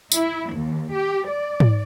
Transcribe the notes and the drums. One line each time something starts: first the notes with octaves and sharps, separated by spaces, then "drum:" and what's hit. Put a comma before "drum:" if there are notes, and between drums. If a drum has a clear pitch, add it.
E4, drum: tambourine
D#2
G4
D5
drum: tom G#2